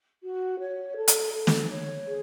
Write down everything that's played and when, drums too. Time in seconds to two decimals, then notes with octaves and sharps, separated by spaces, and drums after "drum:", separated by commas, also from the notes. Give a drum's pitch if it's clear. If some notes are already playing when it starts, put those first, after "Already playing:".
0.24 F#4
0.60 C#5
0.97 A4
1.08 drum: hi-hat
1.34 A4
1.47 drum: snare
1.70 C#5
2.07 G#4